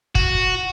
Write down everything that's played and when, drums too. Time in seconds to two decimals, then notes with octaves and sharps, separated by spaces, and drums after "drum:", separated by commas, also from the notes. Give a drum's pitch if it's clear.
0.15 F#4, drum: kick